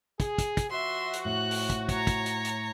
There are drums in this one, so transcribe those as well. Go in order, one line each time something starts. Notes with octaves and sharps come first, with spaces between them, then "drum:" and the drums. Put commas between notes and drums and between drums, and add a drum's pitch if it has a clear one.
G#4, drum: kick, hi-hat
drum: kick, hi-hat
drum: kick, hi-hat
F3 F#4 E5 C6
drum: hi-hat
A2 F#6
drum: open hi-hat
drum: kick, hi-hat
C#5 A#5, drum: kick, hi-hat
drum: kick, hi-hat
drum: hi-hat
drum: hi-hat